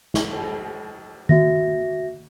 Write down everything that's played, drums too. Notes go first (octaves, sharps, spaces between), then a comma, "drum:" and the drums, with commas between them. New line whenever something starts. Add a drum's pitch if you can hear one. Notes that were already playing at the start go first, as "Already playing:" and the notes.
drum: snare
drum: cymbal
F#4 E5 A#6, drum: tom D#3